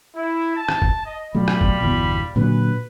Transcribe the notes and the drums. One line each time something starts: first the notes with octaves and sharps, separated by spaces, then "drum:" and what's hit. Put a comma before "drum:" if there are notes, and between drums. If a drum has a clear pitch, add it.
E4
A5
drum: rim click
drum: kick
D#5
B2 F#3 G3 A3 F4 B5
drum: rim click
drum: kick
G1 E2 B2
A#2 D3 F#3 B4